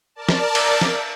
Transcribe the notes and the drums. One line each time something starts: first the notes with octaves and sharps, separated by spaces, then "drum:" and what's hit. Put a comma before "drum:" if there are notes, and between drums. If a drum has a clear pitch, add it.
A#4 D5 A5
drum: snare
drum: cymbal
drum: snare